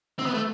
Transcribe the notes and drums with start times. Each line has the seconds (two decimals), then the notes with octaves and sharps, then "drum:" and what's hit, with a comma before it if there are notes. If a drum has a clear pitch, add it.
0.19 C4, drum: snare
0.26 B3
0.34 A3